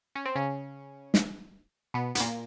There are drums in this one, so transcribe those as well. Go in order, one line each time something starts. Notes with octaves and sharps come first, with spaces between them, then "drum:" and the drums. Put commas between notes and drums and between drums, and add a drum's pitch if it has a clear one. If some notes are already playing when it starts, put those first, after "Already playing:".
C#4
C4
C#3 C#4
drum: snare
B2 B3
B3, drum: hi-hat
A#2 A#3